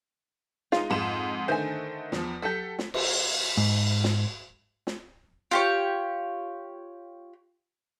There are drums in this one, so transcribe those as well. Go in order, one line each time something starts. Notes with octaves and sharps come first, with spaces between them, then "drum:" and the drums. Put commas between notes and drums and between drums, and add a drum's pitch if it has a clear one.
G#3 D#4 F4 F5, drum: snare
F2 G#2 E7
D3 D#3 A3 C5 G#5
E2 F3, drum: snare
F#3 G4 A4 B6
drum: snare
drum: cymbal
G#2
drum: snare
drum: snare
F4 G4 C#5